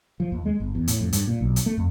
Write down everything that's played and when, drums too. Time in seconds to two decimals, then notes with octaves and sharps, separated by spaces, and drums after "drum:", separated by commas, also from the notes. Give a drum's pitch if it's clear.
0.20 F3
0.32 D#2
0.46 G#3
0.60 G1
0.75 E2
0.88 A2, drum: hi-hat
1.01 F2
1.13 G2, drum: hi-hat
1.27 A#2
1.41 B1
1.56 drum: hi-hat
1.66 A3
1.77 F2